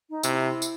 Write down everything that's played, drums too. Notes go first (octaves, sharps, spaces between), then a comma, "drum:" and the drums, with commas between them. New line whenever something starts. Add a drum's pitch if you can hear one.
D#4
C3 E4, drum: tambourine
drum: tambourine